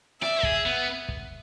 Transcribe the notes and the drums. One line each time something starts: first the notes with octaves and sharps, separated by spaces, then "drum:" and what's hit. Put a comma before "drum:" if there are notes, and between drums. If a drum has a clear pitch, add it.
D5 E5, drum: rim click
G#4, drum: kick
B3
drum: kick